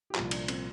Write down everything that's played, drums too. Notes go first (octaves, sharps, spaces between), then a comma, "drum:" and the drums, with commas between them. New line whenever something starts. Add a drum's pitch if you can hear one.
G4
C2 A#2 F3 F4, drum: clap
D4, drum: cymbal
C4, drum: cymbal